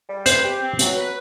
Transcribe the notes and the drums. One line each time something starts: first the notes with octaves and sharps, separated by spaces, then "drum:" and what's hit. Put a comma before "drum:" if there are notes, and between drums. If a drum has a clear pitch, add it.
G3
B4 C5, drum: hi-hat
G4
C4
F#3, drum: hi-hat
B4